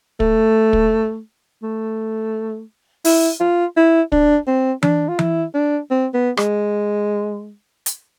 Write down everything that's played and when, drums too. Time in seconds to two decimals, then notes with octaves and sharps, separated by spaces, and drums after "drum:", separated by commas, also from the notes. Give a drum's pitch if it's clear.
0.20 A3, drum: kick
0.73 drum: kick
1.63 A3
3.05 E4, drum: open hi-hat
3.40 F4
3.76 E4
4.12 D4, drum: kick
4.47 C4
4.83 D4, drum: tom E3
5.08 F4
5.19 E4, drum: tom E3
5.54 D4
5.90 C4
6.14 B3
6.37 G#3, drum: rim click
7.86 drum: hi-hat